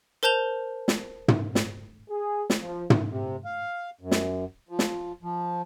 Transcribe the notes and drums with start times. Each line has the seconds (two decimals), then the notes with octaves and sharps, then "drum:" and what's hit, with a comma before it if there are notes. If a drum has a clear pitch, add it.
0.23 A#4 C5 A5 G6 F7 G7
0.88 drum: snare
1.28 drum: tom
1.55 drum: snare
2.09 G#4
2.50 drum: snare
2.60 F3
2.90 drum: tom
3.09 C3
3.45 F5
4.01 F#2
4.11 drum: snare
4.69 F3
4.79 drum: snare
5.23 F3